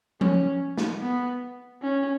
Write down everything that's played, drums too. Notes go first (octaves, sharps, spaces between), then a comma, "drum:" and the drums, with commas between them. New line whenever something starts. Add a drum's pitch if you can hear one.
C#4, drum: tom F3
drum: snare
B3
C#4